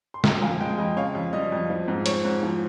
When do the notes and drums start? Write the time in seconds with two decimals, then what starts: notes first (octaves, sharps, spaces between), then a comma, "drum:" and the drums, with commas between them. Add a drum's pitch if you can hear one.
0.14 C6
0.24 C#3 G5 A#5, drum: snare
0.42 F2 F5 G#5
0.60 G#3 D#5 G5
0.78 F2 D#5
0.96 C#3 C#5 F5
1.15 F2
1.33 G3 D#5
1.52 F2
1.70 F3
1.88 G#2
2.06 C4 C#5, drum: hi-hat
2.25 G#2
2.43 F3